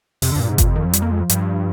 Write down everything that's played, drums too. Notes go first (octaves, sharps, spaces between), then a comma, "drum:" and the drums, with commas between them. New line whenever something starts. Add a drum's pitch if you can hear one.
F2 C3, drum: open hi-hat
D3
F2
G2 A#2
G#2 C3
F2 A#2, drum: kick G1, hi-hat
C3
D#3
F3
G3, drum: hi-hat
A#3
G#3
F3
G2, drum: hi-hat